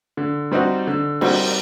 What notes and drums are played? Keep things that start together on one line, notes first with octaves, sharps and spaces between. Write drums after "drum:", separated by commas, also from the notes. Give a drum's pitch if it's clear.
D3
G3 C4 D#4 F#4
D3
G3 C4 D#4 F#4, drum: cymbal